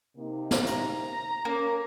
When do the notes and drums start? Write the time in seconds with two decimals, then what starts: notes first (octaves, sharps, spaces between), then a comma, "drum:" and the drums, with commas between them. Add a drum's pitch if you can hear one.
0.16 C3 A#3 D#4
0.51 drum: snare
0.66 A#5, drum: hi-hat
1.45 A#3 C#4